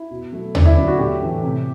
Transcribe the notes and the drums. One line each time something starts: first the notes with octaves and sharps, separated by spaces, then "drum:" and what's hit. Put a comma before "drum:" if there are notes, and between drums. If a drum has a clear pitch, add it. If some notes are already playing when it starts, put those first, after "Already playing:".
Already playing: E4
B2
F#3 A3
D3 D4, drum: tom D#2
E4
F#3 A3 D4
F#4
A2 G4
E3 A3
C3